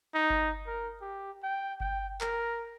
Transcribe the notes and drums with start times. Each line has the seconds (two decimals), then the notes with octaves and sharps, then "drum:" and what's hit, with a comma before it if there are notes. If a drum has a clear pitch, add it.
0.14 D#4
0.30 drum: kick G1
0.67 A#4
1.01 G4
1.43 G5
1.80 G5, drum: kick G1
2.21 A#4, drum: clap